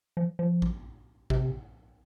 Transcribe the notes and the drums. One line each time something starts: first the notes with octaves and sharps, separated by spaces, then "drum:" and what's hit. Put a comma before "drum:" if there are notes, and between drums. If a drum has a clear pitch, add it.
F3
F3
drum: kick A1
C3, drum: kick A1